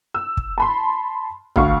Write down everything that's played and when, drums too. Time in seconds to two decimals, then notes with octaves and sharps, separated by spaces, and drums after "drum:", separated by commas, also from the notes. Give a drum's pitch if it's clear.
0.14 E6
0.37 drum: kick
0.58 A5 B5 C6
1.56 D2 F5 C#6, drum: tom